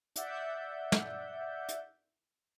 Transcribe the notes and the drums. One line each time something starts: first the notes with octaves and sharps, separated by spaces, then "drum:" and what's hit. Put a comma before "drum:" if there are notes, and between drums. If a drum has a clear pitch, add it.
D5 E5 F#5 G6, drum: hi-hat
drum: snare
drum: hi-hat